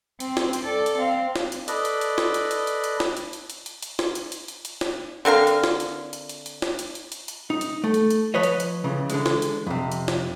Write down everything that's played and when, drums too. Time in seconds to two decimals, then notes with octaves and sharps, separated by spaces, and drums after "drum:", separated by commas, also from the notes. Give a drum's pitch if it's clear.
0.20 C4, drum: hi-hat
0.37 drum: snare
0.53 drum: hi-hat
0.64 A4 D5
0.86 drum: hi-hat
0.99 C4 F5
1.36 drum: snare
1.52 drum: hi-hat
1.68 A4 B4 D5 D#5, drum: hi-hat
1.85 drum: hi-hat
2.01 drum: hi-hat
2.18 drum: snare
2.34 drum: hi-hat
2.51 drum: hi-hat
2.67 drum: hi-hat
2.84 drum: hi-hat
3.00 drum: snare
3.17 drum: hi-hat
3.33 drum: hi-hat
3.50 drum: hi-hat
3.66 drum: hi-hat
3.82 drum: hi-hat
3.99 drum: snare
4.15 drum: hi-hat
4.32 drum: hi-hat
4.48 drum: hi-hat
4.65 drum: hi-hat
4.81 drum: snare
5.25 D3 C4 A#4 F5
5.47 drum: hi-hat
5.64 drum: snare
5.80 drum: hi-hat
6.13 drum: hi-hat
6.29 drum: hi-hat
6.46 drum: hi-hat
6.62 drum: snare
6.79 drum: hi-hat
6.95 drum: hi-hat
7.12 drum: hi-hat
7.28 drum: hi-hat
7.50 D#4
7.61 drum: hi-hat
7.84 A3
7.94 drum: hi-hat
8.10 drum: hi-hat
8.34 F3 B4 C#5 D#5
8.43 drum: hi-hat
8.60 drum: hi-hat
8.84 C#2 C#3 E3
9.10 D3 E3 G#3, drum: hi-hat
9.26 drum: snare
9.42 drum: hi-hat
9.67 F2 C3
9.92 drum: hi-hat
10.08 drum: snare